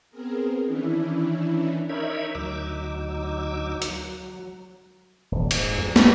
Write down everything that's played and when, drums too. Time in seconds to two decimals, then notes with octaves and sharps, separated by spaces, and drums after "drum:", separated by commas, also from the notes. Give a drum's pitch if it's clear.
0.10 B3 C4 G#4 A#4
0.63 D#3 E3 C#4 D4 E4
1.89 D#4 A#4 C#5 E5 B5
2.35 D2 F#3 D#4 D6 E6
3.82 F#3, drum: hi-hat
5.32 D#1
5.51 G#2, drum: cymbal
5.78 F2
5.96 E2, drum: snare